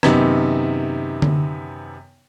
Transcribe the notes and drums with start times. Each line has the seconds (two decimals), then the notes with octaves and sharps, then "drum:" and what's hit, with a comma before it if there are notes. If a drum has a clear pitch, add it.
0.03 F#2 C3 D#3 B3 D#4, drum: rim click
1.22 drum: tom D3